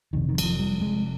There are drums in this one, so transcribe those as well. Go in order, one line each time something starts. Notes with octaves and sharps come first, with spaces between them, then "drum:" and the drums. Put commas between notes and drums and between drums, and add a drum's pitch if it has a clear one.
F1 F2 C3 D#3
D#3
G3, drum: cymbal
F3
G3
G#3